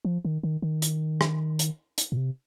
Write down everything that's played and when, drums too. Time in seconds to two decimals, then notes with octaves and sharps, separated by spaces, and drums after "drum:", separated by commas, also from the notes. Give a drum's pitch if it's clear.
0.05 F3
0.25 D#3
0.43 D#3
0.62 D#3
0.82 drum: hi-hat
1.21 drum: rim click
1.59 drum: hi-hat
1.98 drum: hi-hat
2.12 A#2
2.17 C3